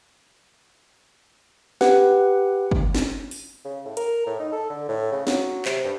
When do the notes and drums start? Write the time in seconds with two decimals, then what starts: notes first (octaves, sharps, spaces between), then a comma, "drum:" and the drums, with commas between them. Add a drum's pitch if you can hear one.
1.81 G4 B4 F#5, drum: snare
2.71 drum: kick
2.95 drum: snare
3.31 drum: open hi-hat
3.65 C#3
3.85 A2
3.97 A#4, drum: hi-hat
4.26 A2
4.40 D#4
4.52 A4
4.70 D3
4.89 A2
5.12 C#3
5.27 F#3, drum: snare
5.65 C3, drum: clap
5.84 G2